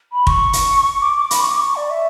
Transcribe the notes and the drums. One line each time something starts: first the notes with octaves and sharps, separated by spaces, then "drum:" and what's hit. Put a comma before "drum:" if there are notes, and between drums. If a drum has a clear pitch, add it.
B5
C#6, drum: kick
drum: hi-hat
D6
D6
B5, drum: hi-hat
C#6
D6
C#6
D5
E5